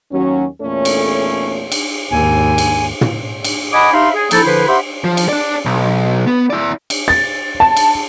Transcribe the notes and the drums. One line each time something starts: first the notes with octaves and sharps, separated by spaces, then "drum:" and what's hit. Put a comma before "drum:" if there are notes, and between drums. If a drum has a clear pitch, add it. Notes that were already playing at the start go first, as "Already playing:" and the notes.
D#2 F#3 C#4
E2 A#2 A3 C#4 A4 C#5
drum: cymbal
drum: cymbal
D#2 G#2 G#5
drum: cymbal
drum: tom
drum: cymbal
D#5 F#5 G#5 B5 D6 D#6
D#4 G4 E5 F5 B5 C6
G#4
F3 A#3 D#4 E4 A4, drum: cymbal
D3 F3 E4 B4 C5
G4 C5 E5 F#5 B5 C6
F3
drum: cymbal
D4 D5
B1
B3
E4 D5
drum: cymbal
A6
A5
drum: cymbal